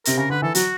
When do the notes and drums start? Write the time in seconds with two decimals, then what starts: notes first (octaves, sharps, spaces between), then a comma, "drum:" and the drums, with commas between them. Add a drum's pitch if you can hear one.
0.05 C3 A#4, drum: hi-hat
0.17 C#3 A#4
0.29 D3 B4
0.42 E3 A4
0.55 F#3 F#4, drum: hi-hat